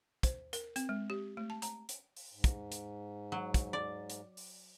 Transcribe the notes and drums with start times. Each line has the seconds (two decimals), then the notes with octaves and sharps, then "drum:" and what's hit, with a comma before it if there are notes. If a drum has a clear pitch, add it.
0.23 C5, drum: kick, hi-hat
0.53 A#4, drum: hi-hat
0.76 C4, drum: hi-hat
0.89 G#3
1.10 G4
1.37 A3
1.50 A5
1.62 A#5, drum: hi-hat
1.89 drum: hi-hat
2.16 drum: open hi-hat
2.33 G#2
2.44 drum: kick, hi-hat
2.72 drum: hi-hat
3.32 F#3
3.54 drum: kick, hi-hat
3.73 D5
4.10 drum: hi-hat
4.37 drum: open hi-hat